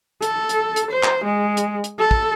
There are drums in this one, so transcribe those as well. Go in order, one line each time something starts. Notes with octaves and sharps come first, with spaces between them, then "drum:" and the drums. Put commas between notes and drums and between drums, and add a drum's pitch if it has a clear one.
A4, drum: hi-hat
drum: hi-hat
drum: hi-hat
C5
drum: clap
G#3
drum: hi-hat
drum: hi-hat
A4
drum: kick